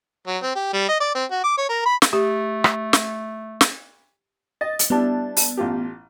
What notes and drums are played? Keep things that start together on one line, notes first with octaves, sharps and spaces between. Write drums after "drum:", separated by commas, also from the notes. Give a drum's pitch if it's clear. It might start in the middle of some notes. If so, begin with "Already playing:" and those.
F#3
C4
G4
G3
D#5
D5
C4
F#4
D6
C#5
A#4
B5
drum: snare
A3 G4
drum: rim click
drum: snare
drum: snare
D#5 A6
drum: hi-hat
G3 B3 D4 E4 A5
drum: open hi-hat
A1 F4 G4